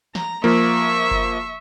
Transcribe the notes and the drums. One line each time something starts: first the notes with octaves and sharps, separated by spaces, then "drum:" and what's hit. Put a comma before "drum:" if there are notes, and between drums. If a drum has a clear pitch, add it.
A#5, drum: snare
F3 A#3 E5 C#6
drum: kick F#1